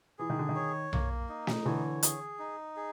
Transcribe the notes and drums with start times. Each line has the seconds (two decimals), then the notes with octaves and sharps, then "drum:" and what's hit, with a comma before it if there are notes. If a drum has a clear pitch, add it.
0.19 E3 G#4
0.30 D#3
0.39 D3
0.49 D#3
0.56 C#5
0.93 A#3, drum: tom B1
1.29 D#4
1.47 drum: snare
1.66 D3 E3 C#5
2.03 G#4, drum: hi-hat
2.39 D#4
2.76 G#4